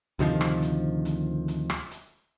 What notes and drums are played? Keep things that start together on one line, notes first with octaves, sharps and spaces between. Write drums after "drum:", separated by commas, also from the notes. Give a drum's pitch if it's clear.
D2 C3 D#3 F3, drum: hi-hat
drum: rim click
drum: hi-hat
drum: hi-hat
drum: hi-hat
drum: rim click
drum: hi-hat